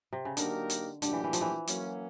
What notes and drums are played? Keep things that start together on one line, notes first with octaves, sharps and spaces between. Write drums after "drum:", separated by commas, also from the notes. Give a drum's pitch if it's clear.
C3
C#3
D3 F#3 A#3 D#4 G4 A#4, drum: hi-hat
drum: hi-hat
A#2 D3 F#3 A3 D4 G4, drum: hi-hat
E3
E3
F3, drum: hi-hat
E3
F#3 A#3 C#4, drum: hi-hat